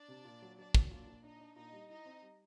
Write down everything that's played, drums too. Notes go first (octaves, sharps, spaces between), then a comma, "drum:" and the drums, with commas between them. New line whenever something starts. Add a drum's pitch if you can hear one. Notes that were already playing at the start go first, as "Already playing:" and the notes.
Already playing: D4 D5
C3
A#2
F#3
F#3 D4 D5
F#3, drum: kick
A#2 D4 D5
A#2
D4 D#4 D#5
D4
A#2 D#4 D#5
G3
D#4 E4 D#5
C4
G3